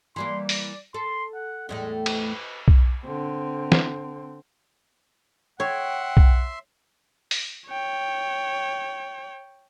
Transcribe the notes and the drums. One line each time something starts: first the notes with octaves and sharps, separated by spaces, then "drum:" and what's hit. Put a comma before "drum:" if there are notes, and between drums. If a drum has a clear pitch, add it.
E3 G3 A#3 C6
D5, drum: open hi-hat
A4 C6
F#5
E2 A2 G#3 A3
B4, drum: cymbal
drum: kick
D3 C4
drum: snare
C#5 E5 F#5 G5 C6
drum: kick
drum: open hi-hat
C#5 G5